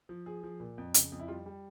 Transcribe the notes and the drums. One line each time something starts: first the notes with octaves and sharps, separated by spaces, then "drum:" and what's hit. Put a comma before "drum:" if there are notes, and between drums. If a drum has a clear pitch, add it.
F3
F3 G#4
F3
A#2
F2
C#3, drum: hi-hat
F2
E4
G3 F4
G3